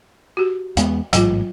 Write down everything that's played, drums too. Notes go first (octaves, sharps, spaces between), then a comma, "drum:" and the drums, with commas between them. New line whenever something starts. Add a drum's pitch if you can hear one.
F#4 G4
E2 G#3 B3, drum: hi-hat
A1 G#2 F#3 F4, drum: hi-hat